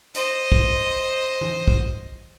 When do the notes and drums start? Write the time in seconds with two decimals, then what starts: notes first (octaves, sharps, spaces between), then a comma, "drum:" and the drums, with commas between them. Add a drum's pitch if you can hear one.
0.14 C5 D#5, drum: hi-hat
0.52 drum: kick
1.41 drum: tom E3
1.68 drum: kick